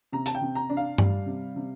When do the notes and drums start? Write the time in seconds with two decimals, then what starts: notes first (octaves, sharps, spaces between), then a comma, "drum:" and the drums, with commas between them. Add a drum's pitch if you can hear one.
0.12 C3 A#5
0.26 A5, drum: hi-hat
0.35 G5
0.41 C3
0.55 A#5
0.70 D4
0.77 F5
0.98 G3, drum: tom G2
1.26 C3
1.56 C3